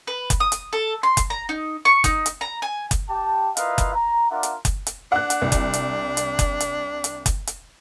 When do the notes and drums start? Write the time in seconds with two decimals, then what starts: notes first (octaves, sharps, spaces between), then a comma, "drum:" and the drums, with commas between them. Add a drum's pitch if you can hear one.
0.07 B4
0.30 drum: kick F#1, hi-hat
0.40 D#6
0.52 drum: hi-hat
0.73 A4
1.03 C6
1.17 drum: kick F#1, hi-hat
1.30 A#5
1.49 D#4
1.85 C#6
2.04 D#4, drum: kick F#1, hi-hat
2.26 drum: hi-hat
2.41 A#5
2.62 G#5
2.91 drum: kick F#1, hi-hat
3.10 G4 A5
3.57 E4 F4 A#4 B4 D#5 F5, drum: hi-hat
3.78 drum: kick F#1, hi-hat
3.94 A#5
4.30 D4 F4 A#4 D5 E5 F#5
4.43 drum: hi-hat
4.65 drum: kick F#1, hi-hat
4.87 drum: hi-hat
5.12 D4 F#5 F#6
5.30 drum: hi-hat
5.42 C2
5.52 drum: kick F#1, hi-hat
5.73 drum: hi-hat
6.17 drum: hi-hat
6.39 drum: kick F#1, hi-hat
6.60 drum: hi-hat
7.04 drum: hi-hat
7.26 drum: kick F#1, hi-hat
7.47 drum: hi-hat